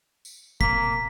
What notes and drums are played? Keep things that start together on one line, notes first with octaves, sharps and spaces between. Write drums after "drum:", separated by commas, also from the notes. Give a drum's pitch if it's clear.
drum: tambourine
A#3 B6, drum: kick